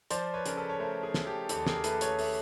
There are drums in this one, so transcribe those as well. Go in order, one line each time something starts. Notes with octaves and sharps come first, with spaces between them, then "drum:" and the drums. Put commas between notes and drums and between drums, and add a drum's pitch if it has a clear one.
F3 C5 D5, drum: hi-hat
B4 C#5
C#3 A#4, drum: hi-hat
A4 B4
C#5
A3 A#4 C5
G#4 A#4
A3, drum: snare
G4 A4
D#2 G4 A4, drum: hi-hat
G#4 A#4, drum: snare
A3 A4 B4, drum: hi-hat
B4 C#5, drum: hi-hat
A3, drum: open hi-hat